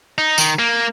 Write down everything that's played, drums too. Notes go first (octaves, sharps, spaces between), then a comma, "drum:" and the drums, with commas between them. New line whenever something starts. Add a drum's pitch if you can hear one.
D#4
D#3, drum: tambourine
A#3